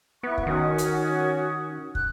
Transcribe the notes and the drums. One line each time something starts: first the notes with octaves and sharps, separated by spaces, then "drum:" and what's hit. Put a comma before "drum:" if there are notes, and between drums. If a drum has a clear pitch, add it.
B3 E4 C#6 F#6
drum: kick
D#3 C#4 F#4 D#6
drum: hi-hat
F#6, drum: kick